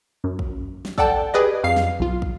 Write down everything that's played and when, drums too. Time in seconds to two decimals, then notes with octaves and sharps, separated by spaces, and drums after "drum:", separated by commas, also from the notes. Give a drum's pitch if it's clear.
0.24 F#2
0.39 drum: kick
0.85 drum: snare
0.98 A4 D5 F#5 G5 A5, drum: kick
1.34 G4 G#4 B4 D5 D#5
1.64 F2 F5 C7
1.76 drum: snare
2.00 B1 F4
2.22 drum: kick